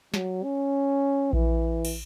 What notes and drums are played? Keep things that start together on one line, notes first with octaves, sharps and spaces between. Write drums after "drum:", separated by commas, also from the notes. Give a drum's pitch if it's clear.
F#3, drum: snare
C#4
E3, drum: kick A#1
drum: cymbal